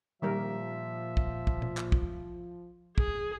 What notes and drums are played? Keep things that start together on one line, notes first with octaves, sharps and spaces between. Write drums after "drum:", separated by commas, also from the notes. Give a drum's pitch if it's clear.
A#2 D#3 F3 G3 A#4 E5
drum: kick
drum: kick
drum: tom B2
drum: clap
drum: kick
G#4, drum: kick